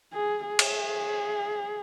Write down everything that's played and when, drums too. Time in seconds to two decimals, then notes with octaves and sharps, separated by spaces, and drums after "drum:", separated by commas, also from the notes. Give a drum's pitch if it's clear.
0.13 G#4
0.46 G#4
0.59 drum: cymbal